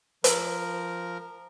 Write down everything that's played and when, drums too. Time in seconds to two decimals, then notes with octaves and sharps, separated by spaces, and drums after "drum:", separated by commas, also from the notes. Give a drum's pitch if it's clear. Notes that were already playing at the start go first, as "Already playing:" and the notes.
0.24 F3 A#4, drum: hi-hat